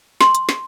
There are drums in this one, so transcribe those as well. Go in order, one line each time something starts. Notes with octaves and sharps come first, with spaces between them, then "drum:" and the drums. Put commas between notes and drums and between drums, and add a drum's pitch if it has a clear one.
C6, drum: snare
drum: hi-hat
drum: snare